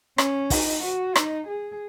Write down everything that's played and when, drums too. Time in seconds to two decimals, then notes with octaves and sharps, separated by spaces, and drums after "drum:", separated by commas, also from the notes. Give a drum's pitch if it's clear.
0.18 C#4, drum: rim click
0.50 D#4, drum: kick, open hi-hat
0.84 F#4
1.16 D#4, drum: rim click
1.47 G#4